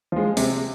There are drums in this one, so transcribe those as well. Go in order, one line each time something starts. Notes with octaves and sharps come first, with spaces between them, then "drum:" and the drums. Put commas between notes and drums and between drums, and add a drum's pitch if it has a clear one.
F3 G#3
C3, drum: open hi-hat